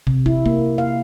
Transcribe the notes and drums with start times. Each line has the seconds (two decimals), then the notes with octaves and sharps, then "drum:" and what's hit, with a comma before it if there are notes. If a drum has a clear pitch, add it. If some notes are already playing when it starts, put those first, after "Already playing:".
0.07 C3, drum: kick
0.26 E4, drum: kick
0.46 A#3, drum: kick
0.78 F5